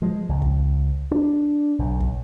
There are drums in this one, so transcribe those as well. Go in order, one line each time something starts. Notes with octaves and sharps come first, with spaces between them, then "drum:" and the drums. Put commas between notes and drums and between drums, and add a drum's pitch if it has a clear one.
F3 G#3
C#2
drum: kick
D4
B1
drum: kick